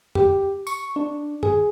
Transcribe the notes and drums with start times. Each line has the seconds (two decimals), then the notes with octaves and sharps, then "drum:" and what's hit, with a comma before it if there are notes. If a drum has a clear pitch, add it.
0.15 G4, drum: tom
0.67 C#6, drum: tambourine
0.96 D4
1.43 G#4, drum: tom